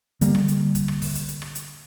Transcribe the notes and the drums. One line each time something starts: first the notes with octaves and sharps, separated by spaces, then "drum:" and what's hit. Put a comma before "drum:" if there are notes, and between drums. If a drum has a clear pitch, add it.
D3 G3 A#3, drum: hi-hat
drum: rim click
drum: hi-hat
drum: kick, hi-hat
drum: rim click
drum: kick, open hi-hat
drum: hi-hat
drum: hi-hat
drum: rim click
drum: hi-hat